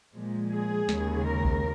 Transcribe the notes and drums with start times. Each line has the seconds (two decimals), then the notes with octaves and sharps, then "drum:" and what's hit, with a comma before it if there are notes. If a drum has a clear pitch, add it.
0.15 A#2 F3 G#3
0.51 G#4
0.89 D#2 C#3 G#3, drum: snare
1.25 A#4
1.44 drum: kick B1